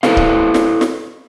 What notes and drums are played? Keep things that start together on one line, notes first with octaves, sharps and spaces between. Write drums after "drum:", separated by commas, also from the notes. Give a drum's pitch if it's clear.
E4 A4 B4 C5 F5, drum: snare
drum: kick C#1
drum: snare
drum: snare